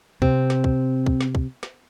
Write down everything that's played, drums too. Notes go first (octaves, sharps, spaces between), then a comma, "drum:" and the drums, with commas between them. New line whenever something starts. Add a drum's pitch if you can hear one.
C3 C4, drum: kick
drum: snare
drum: kick
drum: kick
drum: snare
drum: kick
drum: snare